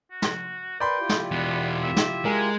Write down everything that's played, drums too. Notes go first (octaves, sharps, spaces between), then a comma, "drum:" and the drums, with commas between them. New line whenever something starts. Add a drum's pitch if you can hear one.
F#4
drum: snare
A#4 B4 D5 G5 B5 C6
E4 F4 G4
drum: snare
E2 B2 B3
E5
drum: snare
G#3 A#4 G#5